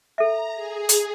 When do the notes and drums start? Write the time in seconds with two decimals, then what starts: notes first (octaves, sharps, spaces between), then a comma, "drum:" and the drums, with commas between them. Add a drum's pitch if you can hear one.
0.18 A4 E5 A#5
0.54 G#4
0.89 drum: hi-hat